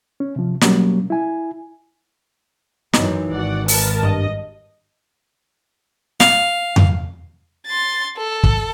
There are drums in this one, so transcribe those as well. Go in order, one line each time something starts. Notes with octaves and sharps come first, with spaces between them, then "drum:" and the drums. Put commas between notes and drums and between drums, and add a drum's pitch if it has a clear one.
C#4
C3 F3
B2 F#3 G3 A#3 C#4, drum: snare
E4 G#5
F#2 E3 D#4, drum: snare
G#1 F#4 D5 F#5
A#4 B4 A5, drum: open hi-hat
G2 D#5
F5, drum: snare
drum: tom F2
C6 A6
A4
drum: kick